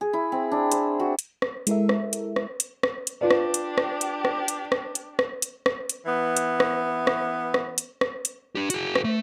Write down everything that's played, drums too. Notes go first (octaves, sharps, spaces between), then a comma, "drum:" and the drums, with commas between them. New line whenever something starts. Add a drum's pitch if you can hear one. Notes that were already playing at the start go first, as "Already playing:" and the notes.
G#4
E4
C4
D4
C5, drum: hi-hat
F#4
drum: hi-hat
drum: rim click
G#3 E4 A4 A#4 E5, drum: hi-hat
drum: rim click
drum: hi-hat
drum: rim click
drum: hi-hat
drum: rim click
drum: hi-hat
D4 F4 G4 B4 D5
drum: rim click
drum: hi-hat
drum: rim click
drum: hi-hat
drum: rim click
drum: hi-hat
drum: rim click
drum: hi-hat
drum: rim click
drum: hi-hat
drum: rim click
drum: hi-hat
E3 B3 E5
drum: hi-hat
drum: rim click
drum: rim click
drum: rim click
drum: hi-hat
drum: rim click
drum: hi-hat
D4 G4
F#4 G#4, drum: hi-hat
drum: rim click
A3